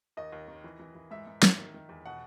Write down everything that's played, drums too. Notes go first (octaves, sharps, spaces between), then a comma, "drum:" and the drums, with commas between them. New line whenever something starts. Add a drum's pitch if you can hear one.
D#2 D#5
D#2
D#3
E3
E3
E3
G#2 E5
G#2
G#2, drum: snare
D#3
D#3
E2
B2 F#5